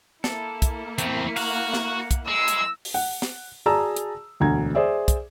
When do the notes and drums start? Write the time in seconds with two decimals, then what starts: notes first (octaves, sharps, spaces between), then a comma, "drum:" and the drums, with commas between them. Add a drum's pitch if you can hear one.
0.24 A#3 E4 A4, drum: snare
0.62 drum: kick, hi-hat
0.98 E2 A3 C4, drum: hi-hat
1.36 F#4 F5 F#5, drum: open hi-hat
1.74 drum: snare
2.11 drum: kick, hi-hat
2.28 G#3 E6
2.48 drum: hi-hat
2.85 drum: open hi-hat
2.94 F#5
3.22 drum: snare
3.66 F#4 G#4 D5 A5 A#5 E6
3.96 drum: hi-hat
4.40 E1 D2 A#5 G#6
4.75 G#4 C5 D5 E5
5.08 drum: kick, hi-hat